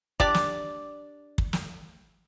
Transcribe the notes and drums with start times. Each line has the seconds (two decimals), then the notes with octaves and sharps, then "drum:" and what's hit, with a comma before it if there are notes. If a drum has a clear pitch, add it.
0.20 D4 G4 D5, drum: kick
0.34 drum: snare
1.38 drum: kick
1.53 drum: snare